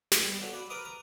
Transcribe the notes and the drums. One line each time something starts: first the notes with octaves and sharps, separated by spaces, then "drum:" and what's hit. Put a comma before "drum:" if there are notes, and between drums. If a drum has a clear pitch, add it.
drum: snare
G3 B3 A5
B3 D4 F#4 A4 C#5
B4 D5 F#5
A#4 B4 D5 A#5 D6 D#6
A#5